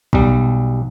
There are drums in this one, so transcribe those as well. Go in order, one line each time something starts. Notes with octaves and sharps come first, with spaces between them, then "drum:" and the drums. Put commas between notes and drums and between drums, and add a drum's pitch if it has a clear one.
B1 G3, drum: kick B1